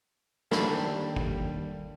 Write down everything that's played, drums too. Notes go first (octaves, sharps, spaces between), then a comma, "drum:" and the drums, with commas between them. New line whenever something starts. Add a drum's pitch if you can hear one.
D#2 G3 D4 A4 D5 B5, drum: snare
drum: kick